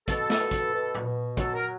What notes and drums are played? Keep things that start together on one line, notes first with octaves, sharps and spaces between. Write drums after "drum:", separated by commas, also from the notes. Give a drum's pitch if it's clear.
B2 A4, drum: kick, hi-hat
drum: snare
B2
drum: kick, hi-hat
B2
drum: tom A#2
B2
F#3 A4, drum: kick, hi-hat
A#4